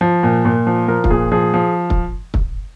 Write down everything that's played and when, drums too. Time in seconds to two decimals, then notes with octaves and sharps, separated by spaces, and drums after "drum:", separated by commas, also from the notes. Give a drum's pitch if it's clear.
0.01 F3
0.23 A#2
0.45 A#2
0.67 F3
0.88 F3 A#4
1.04 F4, drum: kick
1.10 A#2 G#4
1.32 F3 G#4
1.54 F3
1.90 drum: kick
2.34 drum: kick